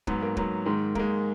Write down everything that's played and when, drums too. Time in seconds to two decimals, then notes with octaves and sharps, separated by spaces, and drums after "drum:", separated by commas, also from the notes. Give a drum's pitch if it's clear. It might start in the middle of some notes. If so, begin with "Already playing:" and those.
0.07 G#2 F#3 B3, drum: kick
0.22 A#3
0.37 G#2 F#3 A#3, drum: kick
0.66 G#2 D#3 G#3
0.95 G#2 D#3 G#3 A#3, drum: kick